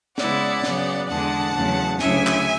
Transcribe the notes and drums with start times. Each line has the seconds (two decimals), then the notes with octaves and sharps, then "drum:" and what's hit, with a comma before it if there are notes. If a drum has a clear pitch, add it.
0.18 C#3 G#3 B3 E4 D5 F#5, drum: snare
0.63 C#3 F#3 B3, drum: snare
1.08 E2 D3 G#3 D4 F#5 A5
1.54 E2 C#3 F#3 A3
1.99 D2 C#3 F#3 C#4 E4 E5 G#5, drum: snare
2.27 drum: clap